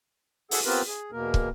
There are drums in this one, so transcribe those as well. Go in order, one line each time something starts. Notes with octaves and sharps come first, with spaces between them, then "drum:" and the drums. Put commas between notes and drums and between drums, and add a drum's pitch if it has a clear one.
G#4 A4 F#5, drum: open hi-hat
B3 C4 F4 G4 A#4 B4
G#4
E2 B2 A#3 A#4
drum: kick